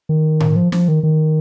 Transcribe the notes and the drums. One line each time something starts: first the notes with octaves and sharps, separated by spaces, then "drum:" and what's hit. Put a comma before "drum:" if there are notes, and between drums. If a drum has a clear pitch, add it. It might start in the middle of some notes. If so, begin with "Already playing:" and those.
D#3
drum: tom A2
F3
F3, drum: snare
D#3
D#3